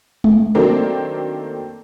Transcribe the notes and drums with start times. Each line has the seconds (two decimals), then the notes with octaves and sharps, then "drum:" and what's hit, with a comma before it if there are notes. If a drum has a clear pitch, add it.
0.24 drum: tom G#3
0.55 D#3 F#3 A3 A#3 C4 D4